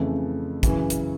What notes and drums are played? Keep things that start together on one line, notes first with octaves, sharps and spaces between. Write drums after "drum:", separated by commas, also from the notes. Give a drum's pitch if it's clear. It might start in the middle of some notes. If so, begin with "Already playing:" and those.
Already playing: F2 C#3 E3 A3
F#2 C#3 E3, drum: kick, hi-hat
drum: hi-hat